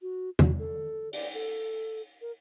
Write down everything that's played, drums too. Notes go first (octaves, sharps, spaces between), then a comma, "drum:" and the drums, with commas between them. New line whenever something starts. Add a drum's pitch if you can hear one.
F#4
F#4, drum: tom
A4
D5, drum: open hi-hat
A4
A#4